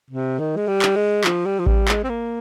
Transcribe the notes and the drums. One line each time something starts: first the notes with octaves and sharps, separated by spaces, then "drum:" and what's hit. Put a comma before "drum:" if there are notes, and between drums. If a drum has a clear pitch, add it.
C3
D#3
G#3
G3
drum: clap
G#3
F3, drum: clap
G3
F3
G3, drum: kick A1
G#3, drum: clap
C4
A#3